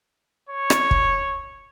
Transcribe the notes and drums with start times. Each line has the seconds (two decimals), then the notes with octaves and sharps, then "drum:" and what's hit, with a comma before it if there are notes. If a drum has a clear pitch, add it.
0.49 C#5
0.70 drum: rim click
0.91 drum: kick